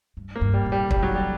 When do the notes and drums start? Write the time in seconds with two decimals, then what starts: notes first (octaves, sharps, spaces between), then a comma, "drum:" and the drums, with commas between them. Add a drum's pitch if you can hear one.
0.17 G2
0.36 A#3
0.41 G2
0.54 G3
0.66 A#2
0.72 G3
0.91 D3 G3, drum: kick
1.03 F#3
1.15 G3